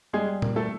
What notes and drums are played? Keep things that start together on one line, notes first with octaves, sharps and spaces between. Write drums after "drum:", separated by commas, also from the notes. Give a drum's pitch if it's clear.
G3 G#3 G#4
A#3, drum: tom A#2
A3 A4